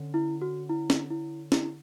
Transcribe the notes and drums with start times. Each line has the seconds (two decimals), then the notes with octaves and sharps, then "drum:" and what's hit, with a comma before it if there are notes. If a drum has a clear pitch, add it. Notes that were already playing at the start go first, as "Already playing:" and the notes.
Already playing: D3 C#4
0.14 E4
0.42 F#4
0.70 E4
0.90 drum: snare
1.10 E4
1.52 E4, drum: snare